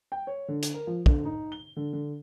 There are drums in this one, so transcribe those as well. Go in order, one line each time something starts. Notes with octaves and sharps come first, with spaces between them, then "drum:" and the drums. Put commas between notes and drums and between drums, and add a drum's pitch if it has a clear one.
G5
C#5
D3
drum: hi-hat
A#4
F3
D3, drum: kick
D#4
G7
D3
D3